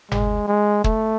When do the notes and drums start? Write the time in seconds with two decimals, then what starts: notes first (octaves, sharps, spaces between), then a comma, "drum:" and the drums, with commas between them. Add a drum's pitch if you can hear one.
0.11 G#3, drum: tom G1
0.48 G#3
0.84 A3, drum: kick